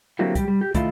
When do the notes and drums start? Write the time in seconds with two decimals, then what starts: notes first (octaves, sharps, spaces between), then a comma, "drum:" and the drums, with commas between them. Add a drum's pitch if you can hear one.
0.19 D3 F#3 A#3 C4 E4 G4
0.35 G3 G4, drum: kick, hi-hat
0.48 G3
0.61 G4
0.74 D#3 A3 E4 F4, drum: kick, hi-hat